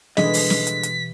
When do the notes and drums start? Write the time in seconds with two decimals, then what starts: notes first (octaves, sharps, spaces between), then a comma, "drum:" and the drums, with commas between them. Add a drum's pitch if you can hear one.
0.17 B2 D3 E3 G3 G#3 D#5 B6, drum: snare
0.33 drum: open hi-hat
0.50 drum: snare
0.67 drum: hi-hat
0.83 drum: hi-hat